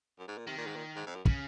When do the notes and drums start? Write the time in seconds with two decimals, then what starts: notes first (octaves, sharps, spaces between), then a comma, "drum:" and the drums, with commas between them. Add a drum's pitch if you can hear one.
0.19 F#2
0.28 G#2
0.38 A#2
0.47 C3 D#3
0.58 A#2
0.67 G#2
0.76 A#2
0.96 G#2
1.06 F2
1.15 F#2
1.25 C#3, drum: kick